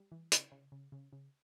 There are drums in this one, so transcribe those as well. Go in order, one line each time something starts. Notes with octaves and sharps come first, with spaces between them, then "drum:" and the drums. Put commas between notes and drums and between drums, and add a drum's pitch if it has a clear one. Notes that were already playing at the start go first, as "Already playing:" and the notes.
Already playing: G3
E3
C#3, drum: hi-hat
C#3
C#3
C#3
C#3